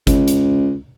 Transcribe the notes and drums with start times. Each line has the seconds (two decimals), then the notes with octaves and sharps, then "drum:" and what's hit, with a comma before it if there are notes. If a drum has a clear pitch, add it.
0.07 C#2, drum: kick G1, hi-hat
0.28 drum: hi-hat